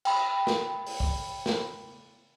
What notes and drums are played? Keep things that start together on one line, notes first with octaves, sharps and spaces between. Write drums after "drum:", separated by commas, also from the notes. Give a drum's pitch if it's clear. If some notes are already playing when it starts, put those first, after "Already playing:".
G5 B5, drum: cymbal
drum: snare
drum: open hi-hat
drum: kick
drum: snare